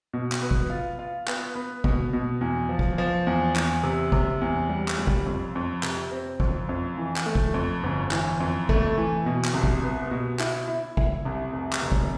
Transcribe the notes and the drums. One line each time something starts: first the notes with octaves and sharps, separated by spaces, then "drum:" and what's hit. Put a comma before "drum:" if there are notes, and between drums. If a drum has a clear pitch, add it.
B2
drum: clap
B3
drum: kick
F4
F4
B3, drum: clap
B3
B2, drum: kick
B2
E2
F3
drum: kick
F3
E2
E2, drum: clap
C3
C3, drum: kick
E2
G3
drum: clap
G3
drum: kick
F2
F2
C3, drum: clap
C4
F2, drum: kick
F2
E3
drum: clap
A3
drum: kick
F2
G1
E3, drum: clap
F2
A3, drum: kick
E3
B2
drum: clap
C2
drum: kick
B3
B2
E4, drum: clap
E4
E4, drum: kick
C2
F1
drum: clap
F1
drum: kick